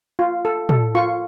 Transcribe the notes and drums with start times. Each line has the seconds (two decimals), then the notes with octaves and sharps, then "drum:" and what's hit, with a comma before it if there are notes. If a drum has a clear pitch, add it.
0.19 F4
0.45 A4
0.69 A4, drum: tom
0.95 F4 C#6